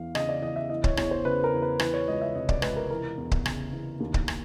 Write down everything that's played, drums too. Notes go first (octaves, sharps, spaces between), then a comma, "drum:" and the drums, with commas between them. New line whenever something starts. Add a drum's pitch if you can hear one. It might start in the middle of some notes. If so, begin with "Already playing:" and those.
Already playing: E2 E3 F5
C#3 D#5, drum: rim click
D5
E2 D#5
E5
E3 D#5
C#5, drum: kick C#1
E2 C#5, drum: rim click
C5
C#3 B4
A#4
E2
B4
E3 B4, drum: rim click
C#5
C#2 D#5
E5
C3 D#5
D5, drum: kick C#1
C#2 B4, drum: rim click
A#4
E3 A#4
E2
drum: kick C#1
C#3, drum: rim click
E2
D#2
drum: kick C#1
drum: rim click